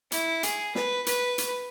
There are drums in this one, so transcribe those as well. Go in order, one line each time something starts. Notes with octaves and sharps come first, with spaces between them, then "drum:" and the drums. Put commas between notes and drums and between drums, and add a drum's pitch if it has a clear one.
E4, drum: hi-hat
G#4, drum: hi-hat
B4, drum: snare
B4, drum: hi-hat
drum: hi-hat